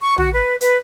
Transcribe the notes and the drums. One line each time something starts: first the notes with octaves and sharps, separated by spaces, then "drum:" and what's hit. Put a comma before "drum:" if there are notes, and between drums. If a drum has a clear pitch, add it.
C#6
F#4, drum: tom
B4
B4, drum: hi-hat